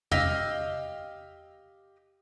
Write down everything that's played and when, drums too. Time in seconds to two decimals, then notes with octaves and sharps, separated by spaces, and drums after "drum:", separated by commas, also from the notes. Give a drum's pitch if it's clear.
0.12 G4 D#5 F5 E6, drum: tom E2